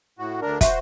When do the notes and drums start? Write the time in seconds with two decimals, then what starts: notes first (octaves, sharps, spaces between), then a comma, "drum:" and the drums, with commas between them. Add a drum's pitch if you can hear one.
0.19 A2 F#4
0.42 D2 D4 A#4
0.61 F#4 C5 E5, drum: kick, hi-hat